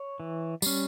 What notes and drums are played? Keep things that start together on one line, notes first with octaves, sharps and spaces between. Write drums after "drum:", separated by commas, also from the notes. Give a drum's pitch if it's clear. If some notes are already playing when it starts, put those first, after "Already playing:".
Already playing: C#5
E3
G3 C#4, drum: tambourine